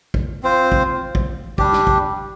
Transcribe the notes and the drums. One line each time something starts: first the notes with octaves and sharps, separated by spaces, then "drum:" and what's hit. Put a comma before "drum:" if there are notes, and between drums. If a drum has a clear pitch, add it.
drum: kick
C4 F4 C5
drum: kick
drum: kick
G3 D4 G4, drum: kick
drum: snare
drum: kick